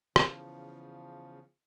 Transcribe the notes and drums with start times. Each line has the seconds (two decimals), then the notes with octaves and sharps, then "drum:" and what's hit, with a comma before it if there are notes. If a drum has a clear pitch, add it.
0.16 E2 C#3 F3, drum: rim click